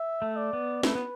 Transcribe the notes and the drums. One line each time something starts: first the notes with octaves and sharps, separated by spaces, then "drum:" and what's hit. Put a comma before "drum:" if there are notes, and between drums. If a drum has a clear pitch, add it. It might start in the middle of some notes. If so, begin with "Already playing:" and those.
Already playing: E5
A3
D5
B3
A3 B4, drum: snare
B3